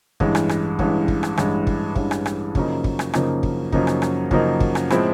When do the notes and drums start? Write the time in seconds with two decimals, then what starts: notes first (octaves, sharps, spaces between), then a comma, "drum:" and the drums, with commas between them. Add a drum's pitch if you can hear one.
0.20 A1 G2 E3 G#3, drum: kick
0.35 drum: rim click
0.49 drum: rim click
0.79 A1 G2 E3 G#3, drum: kick
1.08 drum: kick
1.23 drum: rim click
1.37 A1 G2 E3 G#3, drum: rim click
1.67 drum: kick
1.96 A1 G2 E3 G#3, drum: kick
2.11 drum: rim click
2.26 drum: rim click
2.55 F#2 C#3 F3 A#3 D#4, drum: kick
2.84 drum: kick
2.99 drum: rim click
3.13 F#2 C#3 F3 A#3 D#4, drum: rim click
3.43 drum: kick
3.73 F#2 C#3 F3 A#3 D#4, drum: kick
3.87 drum: rim click
4.02 drum: rim click
4.31 F#2 C#3 F3 A#3 D#4, drum: kick
4.60 drum: kick
4.75 drum: rim click
4.90 A2 F3 G#3 C4 E4, drum: rim click